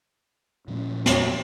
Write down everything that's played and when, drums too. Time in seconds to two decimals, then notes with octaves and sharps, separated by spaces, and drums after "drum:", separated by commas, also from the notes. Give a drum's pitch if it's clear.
0.68 A#2 F3 A3 C#4
1.06 drum: snare